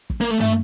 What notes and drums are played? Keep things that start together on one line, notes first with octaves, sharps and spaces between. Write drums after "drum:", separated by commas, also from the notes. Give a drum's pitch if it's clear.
drum: kick
A#3
A3
A3, drum: tom